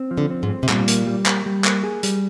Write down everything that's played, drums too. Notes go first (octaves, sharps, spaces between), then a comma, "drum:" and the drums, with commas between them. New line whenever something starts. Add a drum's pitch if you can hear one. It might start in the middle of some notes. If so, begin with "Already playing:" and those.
Already playing: C4
F3
D3
C4
G#2
C4
C3
A#2 G3, drum: clap
A#3, drum: hi-hat
G3
A#3, drum: clap
G3
A#3, drum: clap
G#4
G3, drum: hi-hat